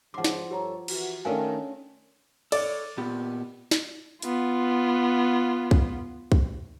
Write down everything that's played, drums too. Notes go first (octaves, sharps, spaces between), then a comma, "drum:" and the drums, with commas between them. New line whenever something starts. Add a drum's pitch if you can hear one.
G#2 C#3 F3 F#5 C6 D6
drum: snare
G2 G4 A4 C#5 A#5
E3 F#4, drum: cymbal
D#3 A3 C#4 D4 A#4 F5 F#5 G#5
A4 C#5 D5, drum: cymbal
A#2 B3 G4
drum: snare
B3 F4, drum: hi-hat
drum: kick
drum: kick